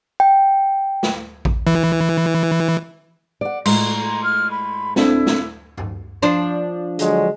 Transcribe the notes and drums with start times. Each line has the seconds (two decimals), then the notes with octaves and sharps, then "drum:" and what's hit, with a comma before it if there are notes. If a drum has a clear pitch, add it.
0.20 G5
1.03 drum: snare
1.45 drum: kick A1
1.67 E3
3.41 D5 F#5
3.66 A2 G#3 A#5 C6, drum: cymbal
4.23 F6
4.51 B5
4.96 C4 D4 E4 A4, drum: snare
5.27 drum: snare
5.77 drum: tom G2
6.23 F3 D4 C5
6.99 D3 F#3 G#3, drum: hi-hat